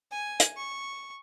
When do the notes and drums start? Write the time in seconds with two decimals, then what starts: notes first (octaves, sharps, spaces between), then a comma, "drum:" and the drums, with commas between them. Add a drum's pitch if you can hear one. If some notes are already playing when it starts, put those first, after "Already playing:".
0.11 G#5
0.40 drum: hi-hat
0.56 C#6